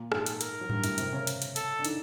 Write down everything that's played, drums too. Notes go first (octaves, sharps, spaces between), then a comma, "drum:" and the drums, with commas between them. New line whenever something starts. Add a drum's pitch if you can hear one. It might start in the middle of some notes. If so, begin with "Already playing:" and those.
Already playing: A#2 A#3
G#2 G#3 A4, drum: rim click
drum: hi-hat
A#4, drum: hi-hat
F#3
G2 G3, drum: tom G#2
A2 A3, drum: hi-hat
C3 C4, drum: hi-hat
C#3 C#4
drum: hi-hat
drum: hi-hat
A4, drum: hi-hat
D4
D#3 D#4, drum: hi-hat